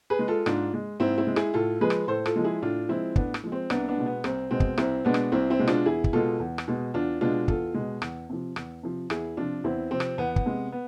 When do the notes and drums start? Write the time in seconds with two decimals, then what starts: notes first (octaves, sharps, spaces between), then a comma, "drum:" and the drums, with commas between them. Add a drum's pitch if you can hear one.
0.10 G#4 B4
0.19 G#3
0.28 F4 A4
0.46 G#2 D4 F4, drum: rim click
0.74 G#3
1.00 G#2 C4 E4
1.18 C4 E4
1.27 G#3
1.36 E4 G#4, drum: rim click
1.54 A2 F4 A4
1.81 F3 G#3 G#4 B4
1.90 drum: rim click
2.08 A2 A4 C5
2.26 F4 A4, drum: rim click
2.36 F3 G#3
2.44 E4 G#4
2.62 A2 D4 F4
2.89 F3 G#3 C4 E4
3.16 A2 B3 D4, drum: kick
3.34 drum: rim click
3.44 F3 G#3
3.52 C4
3.70 C2 B3 D4, drum: rim click
3.88 B3 D4
3.97 B2 G#3
4.06 B3
4.24 C2 C4, drum: rim click
4.51 B2 G#3 C4
4.60 drum: kick
4.78 C2 C4 E4, drum: rim click
5.05 B2 G#3 B3 D4
5.14 drum: rim click
5.32 C2 C4 E4
5.50 C4 E4
5.59 B2 G#3
5.68 D4 F4, drum: rim click
5.86 E2 E4 G#4
6.04 drum: kick
6.13 B2 G#3 F4 A4
6.40 E2
6.58 drum: rim click
6.68 B2 G#3
6.94 E2 D4 F4
7.21 B2 G#3 D4 F4
7.48 E2 F4 A4, drum: kick
7.75 B2 G#3
8.02 E2, drum: rim click
8.29 C3 F3
8.56 E2, drum: rim click
8.83 C3 F3
9.10 E2 E4 G#4, drum: rim click
9.37 C3 F3 D4 F4
9.64 E2 C4 E4
9.91 C3 F3 C4
10.00 drum: rim click
10.18 E2 B3
10.36 drum: kick
10.46 C3 G#3
10.72 B3